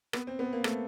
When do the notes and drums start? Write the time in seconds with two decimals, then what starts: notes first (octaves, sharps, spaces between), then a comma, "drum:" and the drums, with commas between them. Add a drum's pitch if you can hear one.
0.13 B3, drum: rim click
0.27 C4
0.39 B3
0.53 A#3
0.64 A3, drum: rim click